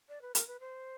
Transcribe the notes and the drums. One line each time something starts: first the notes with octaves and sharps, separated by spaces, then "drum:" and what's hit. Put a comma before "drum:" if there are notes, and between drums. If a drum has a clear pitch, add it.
D5
B4
A#4, drum: hi-hat
B4
C5